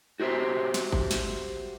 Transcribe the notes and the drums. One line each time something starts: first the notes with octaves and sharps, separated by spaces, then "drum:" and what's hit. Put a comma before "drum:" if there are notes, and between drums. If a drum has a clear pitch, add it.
F#4 G4 C5 D5 E5
drum: snare
drum: kick
drum: snare